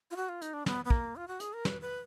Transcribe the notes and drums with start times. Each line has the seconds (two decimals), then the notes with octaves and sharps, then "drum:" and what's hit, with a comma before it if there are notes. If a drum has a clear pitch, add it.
0.11 F4
0.16 F#4
0.29 F4
0.42 D#4, drum: hi-hat
0.53 D4
0.66 B3, drum: snare
0.85 B3
0.90 A#3, drum: kick
1.16 F4
1.28 F#4
1.40 G#4, drum: hi-hat
1.53 A#4
1.65 B4, drum: snare
1.81 B4